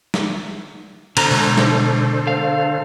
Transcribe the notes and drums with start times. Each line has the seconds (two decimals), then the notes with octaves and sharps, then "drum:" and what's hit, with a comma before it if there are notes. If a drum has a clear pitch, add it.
0.14 drum: snare
1.17 B2 D3 A4 C5 A#5, drum: cymbal
1.31 B2 G#3, drum: open hi-hat
1.57 drum: snare
2.27 F5